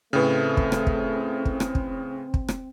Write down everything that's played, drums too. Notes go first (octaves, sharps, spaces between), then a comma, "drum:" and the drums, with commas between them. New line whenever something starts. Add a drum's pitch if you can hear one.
A2 C#3 A3 C4 B4 G5
drum: kick
drum: rim click
drum: kick
drum: kick
drum: rim click
drum: kick
drum: kick
drum: rim click